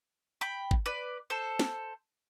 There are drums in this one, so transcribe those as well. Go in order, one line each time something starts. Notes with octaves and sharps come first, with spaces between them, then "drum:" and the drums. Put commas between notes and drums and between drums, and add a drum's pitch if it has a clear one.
G5 B5
drum: kick
B4 D5
A4 C5
drum: snare